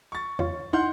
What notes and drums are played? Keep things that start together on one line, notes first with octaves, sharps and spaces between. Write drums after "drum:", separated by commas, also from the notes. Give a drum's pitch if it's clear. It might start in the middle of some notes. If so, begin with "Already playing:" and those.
C#6 A6
F4 C#5, drum: tom E2
D#4 E4 F#5 C6 F6 G6